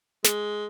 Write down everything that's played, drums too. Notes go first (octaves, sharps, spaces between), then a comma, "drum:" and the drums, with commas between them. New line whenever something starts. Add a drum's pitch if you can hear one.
G#3, drum: snare